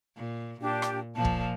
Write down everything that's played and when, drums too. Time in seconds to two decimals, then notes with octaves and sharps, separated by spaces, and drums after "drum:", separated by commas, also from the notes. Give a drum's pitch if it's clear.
0.16 A#2
0.61 A#2 D4 G4
0.82 drum: rim click
1.15 A#2 F3 A5
1.25 drum: kick